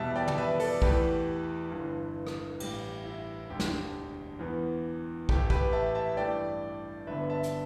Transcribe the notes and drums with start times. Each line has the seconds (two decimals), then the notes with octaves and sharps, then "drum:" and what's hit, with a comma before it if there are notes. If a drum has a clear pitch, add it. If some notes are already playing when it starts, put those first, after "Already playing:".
Already playing: E2 B2 G3 B3 E5 A5
0.15 D5 G5
0.28 drum: tom
0.38 B4 E5
0.60 A4 D5, drum: open hi-hat
0.82 E2 E3 A3 G4 B4, drum: kick
1.72 G1 G2 E3
2.27 drum: rim click
2.60 A1 A2 G3 G4, drum: cymbal
3.05 E4
3.50 E1 D2 D3 G4
3.60 drum: snare
4.39 E2 E3 B3
5.29 A1 A2 A3 G4, drum: kick
5.50 G4 B4, drum: kick
5.72 E5 A5
5.95 E5 A5
6.17 G2 E3 A3 D5 G5
7.07 G1 G2 D3 B3 B4 E5
7.30 E5 A5
7.43 drum: hi-hat